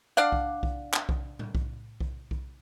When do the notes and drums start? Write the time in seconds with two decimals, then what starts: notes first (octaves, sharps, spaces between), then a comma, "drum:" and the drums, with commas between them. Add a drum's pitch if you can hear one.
0.17 D4 D5 F5 F#5
0.32 drum: kick B1
0.63 drum: kick B1
0.93 drum: clap
1.09 drum: kick B1
1.39 drum: tom A2
1.55 drum: kick B1
2.00 drum: kick B1
2.31 drum: kick B1